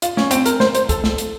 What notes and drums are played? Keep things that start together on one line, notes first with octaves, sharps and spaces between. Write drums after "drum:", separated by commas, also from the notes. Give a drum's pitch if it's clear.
F4, drum: hi-hat
C#4, drum: snare
C4, drum: hi-hat
A#4, drum: hi-hat
C5, drum: snare
C5, drum: hi-hat
A4, drum: kick, hi-hat
drum: snare
drum: hi-hat